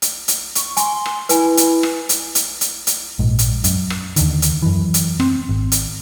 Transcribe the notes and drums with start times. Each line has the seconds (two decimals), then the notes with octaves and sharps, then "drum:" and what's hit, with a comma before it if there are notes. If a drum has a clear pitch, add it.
0.02 drum: hi-hat
0.28 drum: hi-hat
0.55 C#6, drum: hi-hat
0.77 G#5 C6, drum: hi-hat
1.06 drum: rim click
1.29 E4 B4 G#5, drum: hi-hat
1.57 drum: hi-hat
1.83 drum: rim click
2.09 drum: hi-hat
2.35 drum: hi-hat
2.61 drum: hi-hat
2.87 drum: hi-hat
3.19 A#1 G#2
3.39 drum: hi-hat
3.64 F#2, drum: hi-hat
3.90 drum: rim click
4.16 D#2 D3 D#3, drum: hi-hat
4.42 drum: hi-hat
4.62 F#2 E3
4.94 drum: hi-hat
5.20 C4, drum: rim click
5.49 G#1
5.72 drum: hi-hat